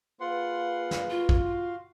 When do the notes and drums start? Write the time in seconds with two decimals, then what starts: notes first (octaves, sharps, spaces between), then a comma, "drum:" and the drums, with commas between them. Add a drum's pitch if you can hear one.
0.21 A#3 F4 G#4 B4 F#5 C6
0.91 drum: snare
1.10 F4 F#4 F5 C6
1.29 drum: kick A1